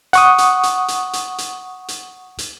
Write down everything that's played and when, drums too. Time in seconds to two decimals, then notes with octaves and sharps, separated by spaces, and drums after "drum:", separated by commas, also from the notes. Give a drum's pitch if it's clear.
0.13 F#5 C#6 D#6, drum: hi-hat
0.38 drum: hi-hat
0.63 drum: hi-hat
0.88 drum: hi-hat
1.13 drum: hi-hat
1.38 drum: hi-hat
1.88 drum: hi-hat
2.38 drum: hi-hat